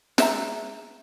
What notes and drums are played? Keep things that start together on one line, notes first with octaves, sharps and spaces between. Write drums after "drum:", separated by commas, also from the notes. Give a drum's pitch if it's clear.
G#3 E5 A#5, drum: snare